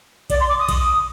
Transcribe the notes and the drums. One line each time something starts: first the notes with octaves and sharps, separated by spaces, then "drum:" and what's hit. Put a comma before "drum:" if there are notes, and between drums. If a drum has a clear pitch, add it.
D5, drum: kick B1, cymbal
C6
D6
D#6
drum: kick B1, cymbal